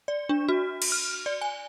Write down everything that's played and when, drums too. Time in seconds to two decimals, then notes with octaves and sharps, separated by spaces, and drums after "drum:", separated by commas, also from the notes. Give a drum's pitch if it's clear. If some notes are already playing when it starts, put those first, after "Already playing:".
0.08 D5
0.29 D4
0.49 F#4
0.82 drum: cymbal
0.92 F6
1.26 D5
1.41 G#5